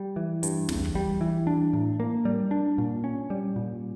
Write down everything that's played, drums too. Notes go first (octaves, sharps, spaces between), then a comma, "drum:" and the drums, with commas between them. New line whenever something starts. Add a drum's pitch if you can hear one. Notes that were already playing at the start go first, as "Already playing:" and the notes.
Already playing: G3
E3
G2, drum: hi-hat
E2, drum: snare
drum: kick
G3
E3
D4
A2
A#3
G3
D4
A#2
C#4
G3
A#2